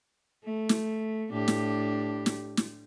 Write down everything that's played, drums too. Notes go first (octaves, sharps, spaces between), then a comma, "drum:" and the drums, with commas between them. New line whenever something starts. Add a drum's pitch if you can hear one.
A3
drum: snare
A2 D4 G4
drum: snare
drum: snare
drum: snare